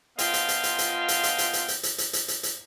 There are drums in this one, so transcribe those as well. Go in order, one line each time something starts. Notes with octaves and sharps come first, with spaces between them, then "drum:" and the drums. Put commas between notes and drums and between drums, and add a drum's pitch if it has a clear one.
F3 B3 F4 D#5 F5 G5, drum: hi-hat
drum: hi-hat
drum: hi-hat
drum: hi-hat
drum: hi-hat
drum: hi-hat
drum: hi-hat
drum: hi-hat
drum: hi-hat
drum: hi-hat
drum: hi-hat
drum: hi-hat
drum: hi-hat
drum: hi-hat
drum: hi-hat